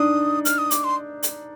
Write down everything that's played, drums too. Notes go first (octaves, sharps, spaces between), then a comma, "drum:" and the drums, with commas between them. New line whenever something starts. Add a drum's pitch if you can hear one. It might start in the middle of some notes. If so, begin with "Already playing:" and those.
Already playing: D4 D#4 D#6
F6, drum: hi-hat
D#6
D6, drum: hi-hat
C6
drum: hi-hat